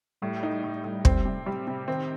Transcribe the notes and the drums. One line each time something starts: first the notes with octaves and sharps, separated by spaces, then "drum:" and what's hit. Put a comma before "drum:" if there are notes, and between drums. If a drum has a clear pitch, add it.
A2 G3
D#4
A2
A2
C4, drum: kick
C3
G3
C3
D#3 C4